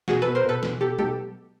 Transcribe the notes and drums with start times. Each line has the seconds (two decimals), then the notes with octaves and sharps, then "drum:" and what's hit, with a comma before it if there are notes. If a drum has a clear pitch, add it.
0.08 B2 F#4 G#4, drum: snare
0.22 B2 A4 B4
0.35 A#4 C5
0.45 B2 A4 B4
0.63 B2, drum: snare
0.81 B2 G4 A4
0.99 B2 G4 A4, drum: tom F#3